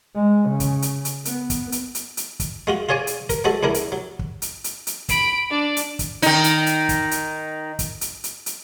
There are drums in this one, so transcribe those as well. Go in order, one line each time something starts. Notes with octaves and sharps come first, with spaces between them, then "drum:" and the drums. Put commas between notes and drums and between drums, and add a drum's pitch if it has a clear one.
G#3
C#3
drum: kick, hi-hat
drum: hi-hat
drum: hi-hat
B3, drum: hi-hat
drum: kick, hi-hat
drum: hi-hat
drum: hi-hat
drum: hi-hat
drum: kick, hi-hat
G#3 F4 F#4
F4 G#4 C#5 D5 G#5
drum: hi-hat
A#4, drum: kick, hi-hat
F#3 G#3 F#4 A4
C#2 D4 E4 A#4
drum: hi-hat
F#3
drum: kick
drum: hi-hat
drum: hi-hat
drum: hi-hat
B5 D7, drum: kick, hi-hat
D4 D5
drum: hi-hat
drum: kick, hi-hat
D#3 D#4, drum: hi-hat
drum: hi-hat
drum: hi-hat
drum: kick, hi-hat
drum: hi-hat
drum: kick, hi-hat
drum: hi-hat
drum: hi-hat
drum: hi-hat